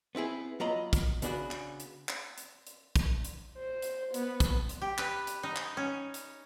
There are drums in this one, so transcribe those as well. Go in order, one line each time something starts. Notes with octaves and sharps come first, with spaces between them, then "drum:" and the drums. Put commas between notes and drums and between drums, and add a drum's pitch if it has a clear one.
B3 C4 E4 G#4
F#3 F4 D#5 A#5 B5
drum: kick, hi-hat
C#3 B3 D4 F#4, drum: hi-hat
drum: clap
drum: hi-hat
drum: clap
drum: hi-hat
drum: hi-hat
drum: kick, hi-hat
drum: hi-hat
C5
drum: hi-hat
B3, drum: hi-hat
drum: kick, hi-hat
drum: hi-hat
G4
B4, drum: clap
drum: hi-hat
D#4
drum: clap
C#4
drum: hi-hat